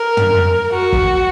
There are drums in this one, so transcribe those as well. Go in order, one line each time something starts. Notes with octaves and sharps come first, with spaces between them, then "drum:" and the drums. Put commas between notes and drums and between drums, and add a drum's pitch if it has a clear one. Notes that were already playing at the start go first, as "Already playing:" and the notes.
Already playing: A#4
drum: tom
F#4
drum: kick